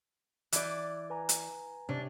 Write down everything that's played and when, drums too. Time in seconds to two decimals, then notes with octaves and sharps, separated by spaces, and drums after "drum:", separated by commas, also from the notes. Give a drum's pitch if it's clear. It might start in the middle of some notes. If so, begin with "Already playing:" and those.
0.52 E3 D5 F#6 G6 A6, drum: hi-hat
1.10 B4 G#5 A#5
1.29 drum: hi-hat
1.89 C3 C#4 D4